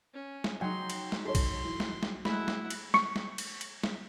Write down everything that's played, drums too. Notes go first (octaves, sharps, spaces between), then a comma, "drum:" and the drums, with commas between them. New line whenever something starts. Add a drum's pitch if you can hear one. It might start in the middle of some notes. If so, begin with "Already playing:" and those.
C#4
drum: snare
F#3 D#4 F#5 G5 C6
drum: cymbal
drum: snare
A4 C#5 C6
drum: kick, cymbal
E3
drum: snare
drum: snare
G#3 A3 E4 F#5 B5, drum: snare
drum: snare
drum: cymbal
C#6 C#7, drum: snare
drum: snare
drum: cymbal
drum: cymbal
drum: snare